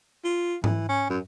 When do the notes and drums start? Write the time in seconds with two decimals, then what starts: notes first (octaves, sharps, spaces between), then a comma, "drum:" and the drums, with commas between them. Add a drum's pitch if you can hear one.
0.24 F4
0.64 E3, drum: tom G#2
0.89 C#4
1.10 F#2